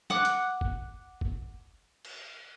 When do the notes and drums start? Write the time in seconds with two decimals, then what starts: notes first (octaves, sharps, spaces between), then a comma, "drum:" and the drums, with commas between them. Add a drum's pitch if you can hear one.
0.10 F#5 D6 F#6, drum: snare
0.25 drum: hi-hat
0.61 drum: kick
1.21 drum: kick
2.05 drum: cymbal